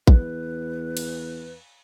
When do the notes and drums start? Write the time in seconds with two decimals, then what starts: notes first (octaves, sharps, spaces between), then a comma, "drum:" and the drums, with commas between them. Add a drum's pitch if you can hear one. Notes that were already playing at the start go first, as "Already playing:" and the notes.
0.07 E2 B4, drum: kick
0.97 drum: cymbal